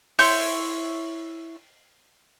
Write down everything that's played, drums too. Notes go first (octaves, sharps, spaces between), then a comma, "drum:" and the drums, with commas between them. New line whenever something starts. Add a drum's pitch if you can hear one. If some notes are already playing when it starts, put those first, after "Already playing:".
E4 C#5 C6 G6, drum: open hi-hat